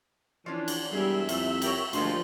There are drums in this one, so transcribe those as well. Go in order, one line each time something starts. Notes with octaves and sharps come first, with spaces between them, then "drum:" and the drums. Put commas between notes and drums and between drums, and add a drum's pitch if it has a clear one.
E3 F3 C#4 D4
drum: cymbal
E1 G3 G#4 A#4 E5
C2 F2 A#2, drum: cymbal
G4 A#4 C#5, drum: cymbal
D2 A#2 F3 G3 G#3 C5, drum: cymbal